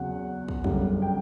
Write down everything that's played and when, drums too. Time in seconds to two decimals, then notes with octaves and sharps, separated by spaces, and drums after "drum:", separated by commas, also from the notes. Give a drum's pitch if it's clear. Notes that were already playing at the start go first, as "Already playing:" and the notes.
Already playing: E2 C#3 F#3 F#5
0.49 drum: kick
0.64 G1 F#2 C#3 G3, drum: kick
1.02 G5